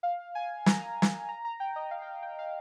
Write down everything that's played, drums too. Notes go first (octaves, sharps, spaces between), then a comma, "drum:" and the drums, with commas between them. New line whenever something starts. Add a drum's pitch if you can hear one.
F5
G#5
A#5, drum: snare
drum: snare
A#5
A#5
G5
D#5
F5
G5
F5
G5
F5